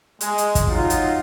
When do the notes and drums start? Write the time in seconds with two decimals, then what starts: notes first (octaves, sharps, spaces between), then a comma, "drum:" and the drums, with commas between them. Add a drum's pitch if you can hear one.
0.21 G#3, drum: hi-hat
0.38 drum: hi-hat
0.55 drum: kick, hi-hat
0.68 F#3 D#4 F4
0.90 drum: hi-hat